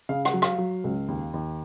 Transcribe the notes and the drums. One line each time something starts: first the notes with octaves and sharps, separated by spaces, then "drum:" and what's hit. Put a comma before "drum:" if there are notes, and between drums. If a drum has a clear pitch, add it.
C#3 F5
F#5, drum: rim click
F#3
F5, drum: rim click
F#3
C#2
D#2
D#2